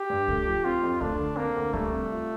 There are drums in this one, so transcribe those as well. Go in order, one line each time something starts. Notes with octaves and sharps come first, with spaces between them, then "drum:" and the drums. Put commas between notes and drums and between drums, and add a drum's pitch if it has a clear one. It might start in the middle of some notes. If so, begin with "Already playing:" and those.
Already playing: G4
G2
A3, drum: kick C#2
F3
C4 F4
F2
A3 D4, drum: kick C#2
D3
A#3 C4
D2
G3 A3, drum: kick C#2
C3
F4